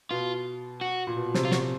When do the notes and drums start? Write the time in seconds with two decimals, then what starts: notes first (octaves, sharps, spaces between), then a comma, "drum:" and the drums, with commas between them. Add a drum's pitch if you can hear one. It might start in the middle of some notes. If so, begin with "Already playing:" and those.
0.11 B2 F4
0.81 F#4
1.07 A#2
1.16 B2
1.34 C3, drum: snare
1.45 F4
1.51 F#4, drum: snare